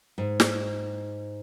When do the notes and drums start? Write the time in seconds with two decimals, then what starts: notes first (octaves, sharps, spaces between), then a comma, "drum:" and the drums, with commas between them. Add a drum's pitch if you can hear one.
0.18 G#2
0.40 drum: snare